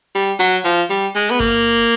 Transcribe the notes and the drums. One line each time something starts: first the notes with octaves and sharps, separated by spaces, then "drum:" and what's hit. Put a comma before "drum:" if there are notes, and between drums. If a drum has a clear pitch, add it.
G3
F#3
F3
G3
G#3
B3
A#3, drum: kick G1